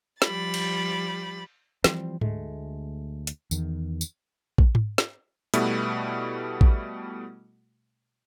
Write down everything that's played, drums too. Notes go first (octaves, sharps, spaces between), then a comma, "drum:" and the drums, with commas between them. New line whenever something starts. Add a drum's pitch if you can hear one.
F3 G3 B5 A6, drum: snare
drum: cymbal
E3 F3 G3 C4, drum: snare
D2 G#3 A3, drum: tom G#2
drum: hi-hat
E2 D#3, drum: tambourine
drum: tambourine
drum: kick
drum: tom G#2
drum: snare
B2 G3 A3 B3 E4 F#4, drum: hi-hat
drum: kick